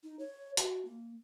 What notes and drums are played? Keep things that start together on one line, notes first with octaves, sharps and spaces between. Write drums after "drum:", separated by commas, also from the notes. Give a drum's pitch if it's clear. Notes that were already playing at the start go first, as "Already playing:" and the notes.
D#4
C#5
F#4, drum: hi-hat
A#3